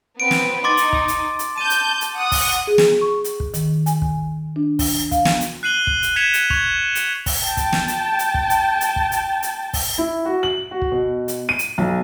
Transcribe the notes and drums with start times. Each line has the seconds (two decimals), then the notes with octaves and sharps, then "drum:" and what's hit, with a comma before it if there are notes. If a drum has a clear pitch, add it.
0.20 B3 C4 B4 D7
0.31 drum: snare
0.64 D#4 C6 D6 A6
0.77 drum: hi-hat
0.93 drum: kick
1.08 drum: hi-hat
1.39 drum: hi-hat
1.58 A5 G6 D#7
1.70 drum: hi-hat
2.01 drum: hi-hat
2.18 F#5 D#6 F#6
2.32 drum: kick, open hi-hat
2.67 G#4
2.78 drum: snare
3.01 C#6
3.24 drum: hi-hat
3.40 drum: kick
3.54 D#3, drum: hi-hat
3.86 G#5, drum: hi-hat
4.02 drum: kick
4.56 D4
4.79 drum: kick, open hi-hat
5.11 F5, drum: kick, hi-hat
5.25 drum: snare
5.41 drum: hi-hat
5.63 F#6 C7 D#7 F#7 G7
5.87 drum: kick
6.03 drum: hi-hat
6.16 F#6 G#6 B6 C#7 E7 F7
6.33 drum: hi-hat
6.50 C#6 G#6 F7, drum: kick
6.95 drum: hi-hat
7.26 drum: kick, open hi-hat
7.42 G5 A5
7.57 drum: kick, hi-hat
7.73 drum: snare
7.88 drum: hi-hat
8.19 drum: hi-hat
8.34 drum: kick
8.50 drum: hi-hat
8.81 drum: hi-hat
8.96 drum: kick
9.12 drum: hi-hat
9.43 drum: hi-hat
9.73 drum: kick, open hi-hat
9.98 E4
10.25 F#4
10.43 F#7
10.71 F#4
10.82 drum: kick
10.92 B2
11.28 drum: hi-hat
11.49 D#7
11.59 drum: hi-hat
11.78 B1